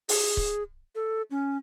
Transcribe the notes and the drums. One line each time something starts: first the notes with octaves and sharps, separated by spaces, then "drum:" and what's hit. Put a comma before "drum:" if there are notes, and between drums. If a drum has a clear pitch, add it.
G#4, drum: open hi-hat
drum: kick C#1
A4
C#4